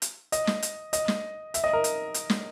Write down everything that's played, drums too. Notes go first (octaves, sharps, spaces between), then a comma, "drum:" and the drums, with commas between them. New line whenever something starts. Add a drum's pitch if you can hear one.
drum: hi-hat
D#5, drum: hi-hat
drum: snare
drum: hi-hat
D#5, drum: hi-hat
drum: snare
E5, drum: hi-hat
D#5
A#4
drum: hi-hat
drum: hi-hat
drum: snare